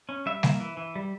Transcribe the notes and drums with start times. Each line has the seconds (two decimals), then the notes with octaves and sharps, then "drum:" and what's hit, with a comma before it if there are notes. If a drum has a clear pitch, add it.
0.09 C#4
0.26 G3 E5
0.43 A#3, drum: snare G3
0.60 E3
0.77 E3
0.95 G3